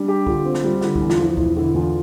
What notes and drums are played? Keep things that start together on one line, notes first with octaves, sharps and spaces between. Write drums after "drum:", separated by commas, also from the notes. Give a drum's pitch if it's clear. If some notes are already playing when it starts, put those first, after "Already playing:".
Already playing: G3 D4
G4
D3 F4, drum: kick C2
C4
drum: snare
G3
D3 F4, drum: snare
E2 E4, drum: kick C2
F4, drum: snare
F3 E4
E1 E4, drum: kick C2
D3 E4
E2 F4